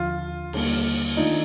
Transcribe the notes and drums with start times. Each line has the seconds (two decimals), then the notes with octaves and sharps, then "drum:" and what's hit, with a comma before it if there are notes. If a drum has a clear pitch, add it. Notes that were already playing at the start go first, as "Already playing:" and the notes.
Already playing: D#2 D3 F3 F4
0.53 D#2 D3 G3 A#3, drum: cymbal
1.17 D#3 A3 D4 D#4 F4